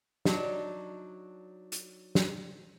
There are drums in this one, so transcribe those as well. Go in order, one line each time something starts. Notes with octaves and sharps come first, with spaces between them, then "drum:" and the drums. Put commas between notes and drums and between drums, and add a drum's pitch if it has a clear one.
F#3 D4 D#4, drum: snare
drum: hi-hat
drum: snare